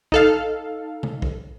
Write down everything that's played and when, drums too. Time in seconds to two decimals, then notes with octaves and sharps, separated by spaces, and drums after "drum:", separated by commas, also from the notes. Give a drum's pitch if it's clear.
0.12 D#4 A4 F5, drum: kick
1.03 drum: tom C3
1.22 drum: kick